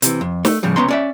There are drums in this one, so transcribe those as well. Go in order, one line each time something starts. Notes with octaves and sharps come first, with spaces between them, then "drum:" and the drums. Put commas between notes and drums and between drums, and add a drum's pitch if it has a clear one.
C3 E3, drum: hi-hat
F2
A3, drum: snare
A2 C#3 F3 G3
C#2 A#2 B3 C#4 A#5 C6
C#4 D5 E5